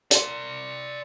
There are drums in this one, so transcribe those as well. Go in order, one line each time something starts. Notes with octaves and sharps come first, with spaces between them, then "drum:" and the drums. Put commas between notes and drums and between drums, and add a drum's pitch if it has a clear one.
D5 C6, drum: hi-hat